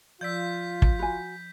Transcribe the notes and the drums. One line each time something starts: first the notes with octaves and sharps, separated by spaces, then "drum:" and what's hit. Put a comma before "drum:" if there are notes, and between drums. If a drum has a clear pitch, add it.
F3 F4 D5 E6 G6 B6
drum: kick
F#4 G#5 B5